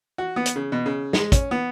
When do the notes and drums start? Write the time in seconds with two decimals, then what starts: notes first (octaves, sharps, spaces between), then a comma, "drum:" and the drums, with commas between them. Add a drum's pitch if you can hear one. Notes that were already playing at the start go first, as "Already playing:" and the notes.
0.18 F#4
0.36 B3
0.46 drum: hi-hat
0.56 C#3
0.72 B2
0.86 C#3
1.13 G#3, drum: snare
1.32 C#4, drum: kick, hi-hat
1.51 B3